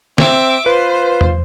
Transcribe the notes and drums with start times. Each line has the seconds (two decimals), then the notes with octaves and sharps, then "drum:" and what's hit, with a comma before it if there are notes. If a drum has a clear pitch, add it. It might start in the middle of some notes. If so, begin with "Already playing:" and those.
0.18 C4 E5 D6, drum: snare
0.66 F4 B4 C5
1.21 drum: tom E2